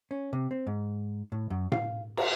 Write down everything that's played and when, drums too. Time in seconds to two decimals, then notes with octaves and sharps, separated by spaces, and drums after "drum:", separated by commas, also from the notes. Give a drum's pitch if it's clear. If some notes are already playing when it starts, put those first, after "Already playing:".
0.11 C#4
0.33 C3
0.51 C4
0.67 G#2
1.32 A2
1.50 F#2
1.72 F5, drum: tom A2
2.17 A#5, drum: cymbal